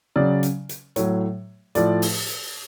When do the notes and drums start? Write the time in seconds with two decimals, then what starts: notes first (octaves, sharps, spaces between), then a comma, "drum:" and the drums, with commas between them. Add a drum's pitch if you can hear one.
0.16 C#3 F#3 D5
0.43 drum: hi-hat
0.69 drum: hi-hat
0.96 A2 F#3 C#5, drum: hi-hat
1.75 A2 F3 D5, drum: hi-hat
2.02 drum: open hi-hat
2.29 drum: hi-hat